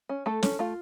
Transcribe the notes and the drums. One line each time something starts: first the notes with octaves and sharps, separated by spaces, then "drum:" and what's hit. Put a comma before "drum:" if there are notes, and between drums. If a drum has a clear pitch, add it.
C#4
A3 A4
C#4, drum: snare
A3 F4